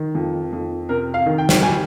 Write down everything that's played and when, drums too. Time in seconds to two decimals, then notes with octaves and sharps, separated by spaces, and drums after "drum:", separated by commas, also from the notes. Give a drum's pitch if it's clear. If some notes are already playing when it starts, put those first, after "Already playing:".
Already playing: D#3
0.15 F2
0.53 F2
0.89 C3 A#4
1.14 F5
1.26 D#3
1.38 G5
1.49 drum: snare
1.63 G3 G#5